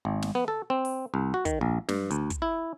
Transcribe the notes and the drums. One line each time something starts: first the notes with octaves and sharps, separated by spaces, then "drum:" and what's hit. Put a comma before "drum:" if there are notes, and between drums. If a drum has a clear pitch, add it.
G#1
drum: snare
B3
A4
C4
drum: open hi-hat
C2
F#4
D#3, drum: kick, hi-hat
A#1
G2, drum: snare
D2, drum: hi-hat
drum: kick, hi-hat
E4